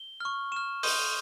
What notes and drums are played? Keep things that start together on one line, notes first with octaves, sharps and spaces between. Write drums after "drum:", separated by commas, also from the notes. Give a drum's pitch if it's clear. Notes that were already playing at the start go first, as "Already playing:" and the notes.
Already playing: G7
C#6 F6
C#6 F6 E7
C6 D#6 G6, drum: open hi-hat